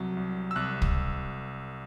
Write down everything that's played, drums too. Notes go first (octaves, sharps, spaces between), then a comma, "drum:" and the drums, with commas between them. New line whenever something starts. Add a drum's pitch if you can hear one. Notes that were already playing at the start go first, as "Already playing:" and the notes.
Already playing: C2 C3 F#3
C2
E6
C2 F#6
drum: kick